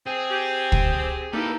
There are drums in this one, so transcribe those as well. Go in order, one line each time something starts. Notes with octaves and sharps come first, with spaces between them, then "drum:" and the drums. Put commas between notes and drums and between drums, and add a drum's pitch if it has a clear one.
C4 G#4
G4
drum: kick
A#3 D#4 E4 G4 A4 B4